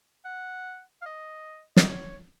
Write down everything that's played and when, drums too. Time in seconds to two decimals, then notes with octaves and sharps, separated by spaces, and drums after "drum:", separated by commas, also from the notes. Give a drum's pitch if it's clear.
0.25 F#5
1.02 F5
1.06 D#5
1.77 D#5, drum: snare
1.88 C#5